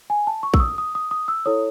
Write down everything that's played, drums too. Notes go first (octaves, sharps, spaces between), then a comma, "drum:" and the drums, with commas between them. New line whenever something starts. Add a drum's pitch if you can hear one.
G#5
A5
C#6
E6, drum: kick A#1
D#6
D#6
D#6
D#6
E6
E4 A4 C#5 D#6